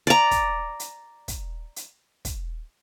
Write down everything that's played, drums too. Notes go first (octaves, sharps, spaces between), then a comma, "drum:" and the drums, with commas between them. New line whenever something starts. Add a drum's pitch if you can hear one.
D5 A#5
drum: kick, hi-hat
drum: hi-hat
drum: kick, hi-hat
drum: hi-hat
drum: kick, hi-hat